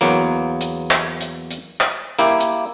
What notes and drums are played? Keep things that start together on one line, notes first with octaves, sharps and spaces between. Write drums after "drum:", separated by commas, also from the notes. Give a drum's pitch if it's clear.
E2 F#3 A#3
drum: hi-hat
drum: clap
drum: hi-hat
drum: hi-hat
drum: clap
A#3 E4 G4
drum: hi-hat